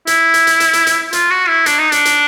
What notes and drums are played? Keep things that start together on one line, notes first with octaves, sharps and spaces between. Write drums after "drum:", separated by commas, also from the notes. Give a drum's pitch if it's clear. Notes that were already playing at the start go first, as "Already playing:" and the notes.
E4, drum: hi-hat
drum: hi-hat
drum: hi-hat
drum: hi-hat
drum: hi-hat
drum: hi-hat
F4, drum: hi-hat
F#4
E4
D4, drum: hi-hat
D#4
D4, drum: hi-hat
drum: hi-hat